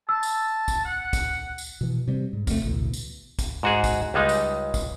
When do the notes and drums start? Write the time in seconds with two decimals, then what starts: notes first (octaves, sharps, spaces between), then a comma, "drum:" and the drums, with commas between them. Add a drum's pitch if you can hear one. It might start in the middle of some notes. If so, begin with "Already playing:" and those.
0.09 A5 E6
0.23 drum: tambourine
0.68 drum: kick, tambourine
0.85 F#5
1.13 drum: kick, tambourine
1.58 drum: tambourine
1.81 B2 E3
2.08 C3 G3
2.33 G#2
2.47 E1 C3 G#3 A3, drum: kick, tambourine
2.64 A1 D2 B2
2.93 drum: tambourine
3.39 drum: kick, tambourine
3.63 G#2 F#4 G#4
3.84 drum: kick, tambourine
4.14 C#2 G3 G#3 D#4
4.29 drum: tambourine
4.74 drum: kick, tambourine